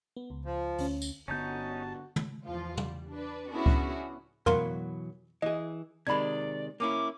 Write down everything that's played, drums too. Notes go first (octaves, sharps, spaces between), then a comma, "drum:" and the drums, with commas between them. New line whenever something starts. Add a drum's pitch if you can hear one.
B3
C#2
F3
D2 C#4, drum: open hi-hat
drum: tambourine
G1 D3 B3 C#4 D#4 F#4 A5 G6
drum: tom
E2 F3 F4
G3, drum: tom
D4 B4
B3 C#4 D4 E4 F#4 G#4
drum: kick C#2
B2 E3 F#3 A#4 F5 C6, drum: tom F2
E3 G#4 D#5
C3 D#3 G#3 D5 B5 G#6
A#3 C#4 E4 D6